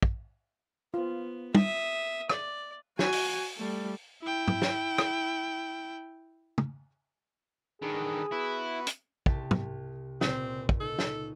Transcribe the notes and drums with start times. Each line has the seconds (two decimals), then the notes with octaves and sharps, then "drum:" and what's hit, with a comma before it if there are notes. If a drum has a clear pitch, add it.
0.03 drum: kick
0.94 B3 F4 C5
1.55 E5 D#6, drum: tom
2.30 D5, drum: rim click
2.99 F#4 G#5, drum: snare
3.12 drum: open hi-hat
3.57 G3 A3
4.22 E4 G5
4.48 drum: tom
4.62 drum: snare
4.98 drum: rim click
6.58 drum: tom
7.82 D3 D#3 G#4 A4 B4
8.32 B3 E4 F#4 B4
8.87 drum: hi-hat
9.26 C2 G4 A5, drum: kick
9.51 drum: tom
10.21 C#2 A#2 C4, drum: snare
10.69 drum: kick
10.80 D#4 A4
10.99 drum: snare